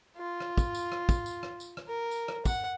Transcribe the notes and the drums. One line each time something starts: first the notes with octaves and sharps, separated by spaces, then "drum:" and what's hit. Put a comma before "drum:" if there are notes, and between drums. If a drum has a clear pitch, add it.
F4
drum: rim click
drum: kick, tambourine
drum: tambourine
drum: rim click
drum: kick, tambourine
drum: tambourine
drum: rim click
drum: tambourine
drum: rim click
A#4
drum: tambourine
drum: rim click
F#5, drum: kick, tambourine